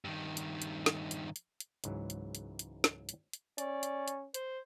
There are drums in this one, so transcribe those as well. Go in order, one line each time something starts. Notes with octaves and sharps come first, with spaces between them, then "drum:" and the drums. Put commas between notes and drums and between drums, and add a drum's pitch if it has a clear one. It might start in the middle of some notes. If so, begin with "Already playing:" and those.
G2 D#3
drum: hi-hat
drum: hi-hat
drum: snare
drum: hi-hat
drum: hi-hat
drum: hi-hat
C#2 G#2 E3 F#3, drum: hi-hat
drum: hi-hat
drum: hi-hat
drum: hi-hat
drum: snare
drum: hi-hat
drum: hi-hat
C#4 D5, drum: hi-hat
drum: hi-hat
drum: hi-hat
C5, drum: hi-hat